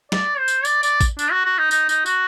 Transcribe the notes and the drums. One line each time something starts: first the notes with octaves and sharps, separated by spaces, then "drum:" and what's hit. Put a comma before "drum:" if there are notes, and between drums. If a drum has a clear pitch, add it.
D5, drum: snare
C5
drum: tambourine
D5, drum: tambourine
D5, drum: tambourine
drum: kick A1, tambourine
D4, drum: tambourine
F#4
F#4
D#4
D#4, drum: tambourine
D#4, drum: tambourine
F#4, drum: tambourine